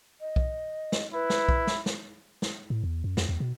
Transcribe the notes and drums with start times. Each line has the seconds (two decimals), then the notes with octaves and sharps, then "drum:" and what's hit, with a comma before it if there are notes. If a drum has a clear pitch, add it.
0.21 D#5
0.36 drum: kick B1
0.92 drum: snare
1.14 E4 B4
1.30 drum: snare
1.49 drum: kick B1
1.67 drum: snare
1.86 drum: snare
2.42 drum: snare
2.70 A2
2.84 E2
3.04 F#2
3.17 F2, drum: snare
3.29 E2
3.40 B2